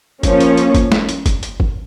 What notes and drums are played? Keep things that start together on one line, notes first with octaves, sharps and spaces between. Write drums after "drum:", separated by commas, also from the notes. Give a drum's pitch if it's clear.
F3 A#3 C#4, drum: kick, hi-hat
drum: hi-hat
drum: hi-hat
drum: kick, hi-hat
drum: snare
drum: hi-hat
drum: kick, hi-hat
drum: hi-hat
drum: kick